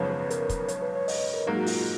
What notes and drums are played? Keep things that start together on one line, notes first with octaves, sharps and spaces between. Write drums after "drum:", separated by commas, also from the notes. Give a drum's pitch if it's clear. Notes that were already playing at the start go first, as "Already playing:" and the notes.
Already playing: G#1 F#2 C#3 F3 B3 C#5
B4
A#4, drum: hi-hat
drum: kick, hi-hat
C#5, drum: hi-hat
B4
C#5
D#5, drum: open hi-hat
A#4
G#2 F#3 A#3 G#4
F#4
F4, drum: open hi-hat